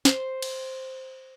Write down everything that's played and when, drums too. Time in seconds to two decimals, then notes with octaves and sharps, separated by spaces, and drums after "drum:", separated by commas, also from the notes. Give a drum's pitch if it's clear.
0.05 C5, drum: snare
0.42 drum: cymbal